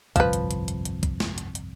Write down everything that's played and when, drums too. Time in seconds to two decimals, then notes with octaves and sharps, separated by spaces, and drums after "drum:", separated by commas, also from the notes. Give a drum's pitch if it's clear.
0.16 G1 C2 F2 F3 B4, drum: kick, hi-hat
0.33 drum: hi-hat
0.51 drum: hi-hat
0.68 drum: hi-hat
0.85 drum: hi-hat
1.03 drum: kick, hi-hat
1.20 drum: snare
1.38 drum: hi-hat
1.55 drum: hi-hat